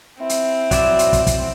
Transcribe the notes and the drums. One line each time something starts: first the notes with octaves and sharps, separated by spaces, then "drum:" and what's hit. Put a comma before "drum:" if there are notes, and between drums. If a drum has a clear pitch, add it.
C4 E4
drum: hi-hat
F#3 D5 E5, drum: kick, hi-hat
drum: hi-hat
drum: kick, hi-hat
drum: kick, hi-hat